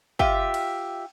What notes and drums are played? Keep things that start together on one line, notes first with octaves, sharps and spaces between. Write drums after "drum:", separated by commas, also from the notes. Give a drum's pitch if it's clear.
F4 G4 E5 G5, drum: kick
drum: cymbal